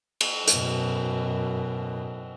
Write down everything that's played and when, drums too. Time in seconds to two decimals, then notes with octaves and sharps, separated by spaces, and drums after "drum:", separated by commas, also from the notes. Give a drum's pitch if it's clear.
0.21 drum: cymbal
0.48 F#2 B2, drum: hi-hat